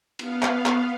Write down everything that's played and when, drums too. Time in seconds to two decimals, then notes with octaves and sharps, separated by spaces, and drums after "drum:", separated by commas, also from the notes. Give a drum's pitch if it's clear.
0.19 B3 F5, drum: cymbal
0.43 drum: clap
0.66 drum: clap